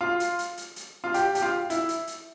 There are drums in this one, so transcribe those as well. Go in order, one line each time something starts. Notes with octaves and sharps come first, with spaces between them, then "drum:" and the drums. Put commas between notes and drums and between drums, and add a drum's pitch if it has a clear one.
F4
drum: hi-hat
drum: hi-hat
drum: hi-hat
drum: hi-hat
F4
G4, drum: hi-hat
G4, drum: hi-hat
F4
E4, drum: hi-hat
drum: hi-hat
drum: hi-hat